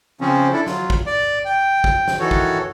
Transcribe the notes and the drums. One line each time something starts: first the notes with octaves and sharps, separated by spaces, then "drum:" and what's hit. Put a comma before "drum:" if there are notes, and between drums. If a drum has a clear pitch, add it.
C#3 F3 C4 C#4
D4 E4 A4
F#3 F4, drum: snare
drum: kick
D5
G5
drum: kick
drum: snare
D#3 E3 F#4 A4 C#5
drum: kick